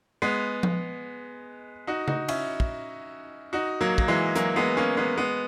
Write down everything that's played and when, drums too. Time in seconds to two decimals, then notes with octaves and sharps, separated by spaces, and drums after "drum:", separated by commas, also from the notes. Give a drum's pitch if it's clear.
0.22 G#3 B3
0.63 drum: tom F3
1.87 D#4 F#4
2.08 D#4 F#4, drum: tom C#3
2.29 C#4 E4, drum: cymbal
2.60 drum: kick
3.53 D#4 F#4
3.81 F#3 A#3
3.98 A#3, drum: kick
4.08 E3 G#3
4.36 F#3 A#3, drum: hi-hat
4.56 G#3 B3
4.77 A#3 C#4
4.97 G#3 B3
5.18 G#3 B3